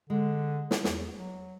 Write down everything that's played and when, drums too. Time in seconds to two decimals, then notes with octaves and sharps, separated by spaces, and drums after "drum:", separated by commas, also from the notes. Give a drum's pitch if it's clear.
0.10 D3 G#3
0.71 drum: snare
0.84 E2, drum: snare
1.17 F#3